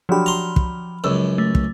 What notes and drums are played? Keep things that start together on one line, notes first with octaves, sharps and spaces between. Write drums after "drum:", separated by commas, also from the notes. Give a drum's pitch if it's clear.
F3 F#3 D4 G4 B5
A#5 C6
drum: kick
C#2 F#2 E6
A3
drum: kick